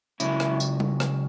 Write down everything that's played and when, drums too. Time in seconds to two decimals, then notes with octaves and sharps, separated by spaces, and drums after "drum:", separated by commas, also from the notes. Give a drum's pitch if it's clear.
0.20 C#2 C#3 F#3 E4, drum: tambourine
0.40 drum: rim click
0.60 drum: tambourine
0.80 drum: tom G3
1.00 drum: rim click